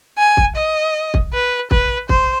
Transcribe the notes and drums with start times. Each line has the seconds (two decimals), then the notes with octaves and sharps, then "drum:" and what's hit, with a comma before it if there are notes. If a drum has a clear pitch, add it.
0.18 G#5
0.37 drum: kick
0.56 D#5
1.14 drum: kick
1.33 B4
1.71 B4, drum: kick
2.09 C5, drum: kick